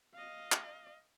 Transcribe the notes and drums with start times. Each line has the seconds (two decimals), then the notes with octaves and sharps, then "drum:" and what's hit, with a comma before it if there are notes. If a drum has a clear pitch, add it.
0.14 D#5 F5
0.52 drum: clap